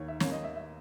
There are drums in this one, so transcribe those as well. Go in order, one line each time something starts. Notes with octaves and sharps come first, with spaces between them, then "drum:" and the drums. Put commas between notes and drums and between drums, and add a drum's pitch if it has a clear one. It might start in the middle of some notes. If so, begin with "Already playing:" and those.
Already playing: D#2 D#3 C#5
E5
D#2 D#3 C#5, drum: snare
D#5
E5
E5